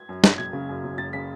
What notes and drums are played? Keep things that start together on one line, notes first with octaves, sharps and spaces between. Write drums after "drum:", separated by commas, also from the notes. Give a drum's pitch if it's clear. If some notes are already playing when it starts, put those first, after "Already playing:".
Already playing: G#6
F#2
F#1, drum: snare
F#1 G#6
C#3
F#2
F#1
F#1 A6
C#3 B6